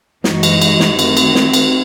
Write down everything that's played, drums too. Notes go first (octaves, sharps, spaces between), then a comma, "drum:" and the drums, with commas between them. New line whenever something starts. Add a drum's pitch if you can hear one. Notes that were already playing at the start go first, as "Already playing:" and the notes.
F#2 E3 G#3 D#4 F#4, drum: snare
drum: cymbal
drum: cymbal
drum: snare
D#3 A3 C4 F#4, drum: cymbal
drum: cymbal
drum: snare
drum: cymbal